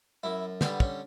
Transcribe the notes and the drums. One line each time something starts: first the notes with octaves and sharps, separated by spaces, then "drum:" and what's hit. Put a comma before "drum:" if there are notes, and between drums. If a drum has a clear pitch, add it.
F#2 E4
D3 G3 B3, drum: snare
C#4, drum: kick